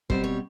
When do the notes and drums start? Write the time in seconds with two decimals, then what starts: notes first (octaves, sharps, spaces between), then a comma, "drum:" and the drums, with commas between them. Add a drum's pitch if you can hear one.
0.10 B2 G3 C4 C5, drum: kick
0.24 C#5